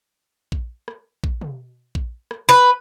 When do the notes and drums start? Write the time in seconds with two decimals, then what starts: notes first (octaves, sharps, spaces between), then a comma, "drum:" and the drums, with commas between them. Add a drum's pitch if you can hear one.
0.52 drum: kick A#1
0.88 drum: rim click
1.24 drum: kick A#1
1.41 drum: tom
1.95 drum: kick A#1
2.31 drum: rim click
2.49 B4